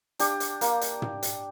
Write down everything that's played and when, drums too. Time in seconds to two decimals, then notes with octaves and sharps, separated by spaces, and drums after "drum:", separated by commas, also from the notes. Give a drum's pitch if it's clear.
0.19 D4 G4, drum: hi-hat
0.40 drum: hi-hat
0.61 A#3, drum: hi-hat
0.81 drum: hi-hat
1.02 drum: tom
1.23 drum: hi-hat